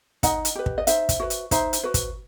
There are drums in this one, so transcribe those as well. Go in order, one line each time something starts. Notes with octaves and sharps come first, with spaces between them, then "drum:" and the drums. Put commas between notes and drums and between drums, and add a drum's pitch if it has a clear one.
D#4 D#5 F#5, drum: kick, hi-hat
drum: hi-hat
G4 B4
drum: kick
D#5
D#4 C5 E5, drum: hi-hat
drum: kick, hi-hat
F#4 B4
drum: hi-hat
D#4 C5 E5, drum: kick, hi-hat
drum: hi-hat
F#4 B4
drum: kick, hi-hat